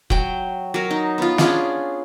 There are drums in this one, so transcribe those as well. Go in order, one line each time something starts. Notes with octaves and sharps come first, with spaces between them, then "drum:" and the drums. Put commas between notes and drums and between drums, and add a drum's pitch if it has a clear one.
F#3 G5, drum: kick
F#3 A#4
D#4
B3 F4
C#4 D4 F4 G#4, drum: snare